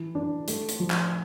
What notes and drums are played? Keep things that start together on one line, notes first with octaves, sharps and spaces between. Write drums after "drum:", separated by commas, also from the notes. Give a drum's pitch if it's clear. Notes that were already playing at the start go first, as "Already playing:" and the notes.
Already playing: E3
D4
A3, drum: hi-hat
drum: hi-hat
F3
drum: clap